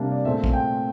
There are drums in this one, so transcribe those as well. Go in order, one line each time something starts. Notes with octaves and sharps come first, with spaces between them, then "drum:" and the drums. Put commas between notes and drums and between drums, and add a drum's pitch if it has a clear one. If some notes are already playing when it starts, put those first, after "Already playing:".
Already playing: C3 G3 A#3 D4
D5
A#2 A3 C4 E5
drum: kick
G5